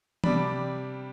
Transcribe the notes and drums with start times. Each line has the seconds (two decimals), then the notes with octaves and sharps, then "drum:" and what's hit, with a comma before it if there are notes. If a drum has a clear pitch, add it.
0.24 C3 G3 D4 B5, drum: tom E3